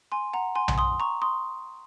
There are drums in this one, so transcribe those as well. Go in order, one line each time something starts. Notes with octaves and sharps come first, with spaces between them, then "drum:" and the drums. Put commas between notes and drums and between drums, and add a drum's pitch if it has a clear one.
G#5 C6
F#5 A#5
G#5 C6
drum: tom B1
C6 D#6
A#5 C#6
C6 D#6